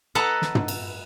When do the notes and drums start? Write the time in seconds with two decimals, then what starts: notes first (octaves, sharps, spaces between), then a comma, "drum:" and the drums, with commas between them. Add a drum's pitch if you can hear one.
0.15 A4 B4 D#5 F#5 A5 A#5
0.42 drum: snare
0.55 drum: tom
0.68 drum: cymbal